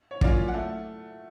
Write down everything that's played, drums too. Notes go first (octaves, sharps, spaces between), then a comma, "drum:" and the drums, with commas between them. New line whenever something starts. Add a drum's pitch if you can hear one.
C#5
F#3 A#3 C#4 F4 D5, drum: kick
F#5
A3